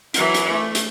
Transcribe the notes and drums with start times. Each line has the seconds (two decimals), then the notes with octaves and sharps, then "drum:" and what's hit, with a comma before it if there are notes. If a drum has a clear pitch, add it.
0.14 E3 F#3, drum: hi-hat
0.34 drum: hi-hat
0.51 A3
0.75 drum: hi-hat